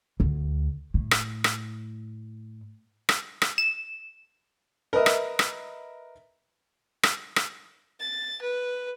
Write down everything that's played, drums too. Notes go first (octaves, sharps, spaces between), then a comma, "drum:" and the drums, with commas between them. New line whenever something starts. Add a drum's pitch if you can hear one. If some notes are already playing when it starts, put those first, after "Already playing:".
D2
A2
drum: rim click
drum: rim click
drum: rim click
drum: rim click
E7
A#4 B4 D#5 E5
drum: rim click
drum: rim click
drum: rim click
drum: rim click
A6
B4